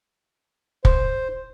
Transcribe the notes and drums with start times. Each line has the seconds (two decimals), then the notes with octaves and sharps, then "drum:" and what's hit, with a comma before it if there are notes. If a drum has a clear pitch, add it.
0.85 C5, drum: kick